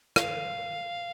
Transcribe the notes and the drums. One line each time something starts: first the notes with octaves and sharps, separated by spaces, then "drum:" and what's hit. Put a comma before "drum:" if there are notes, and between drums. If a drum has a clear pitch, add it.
F5, drum: rim click